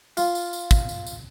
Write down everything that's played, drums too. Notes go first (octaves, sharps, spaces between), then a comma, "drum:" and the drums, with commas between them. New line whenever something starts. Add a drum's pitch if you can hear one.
F4, drum: tambourine
drum: tambourine
drum: tambourine
drum: kick, tambourine
drum: tambourine
drum: tambourine